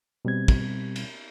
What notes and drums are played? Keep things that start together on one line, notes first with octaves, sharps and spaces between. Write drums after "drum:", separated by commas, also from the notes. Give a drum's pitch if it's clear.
B2 G3 C4 G#6
drum: kick, cymbal
drum: cymbal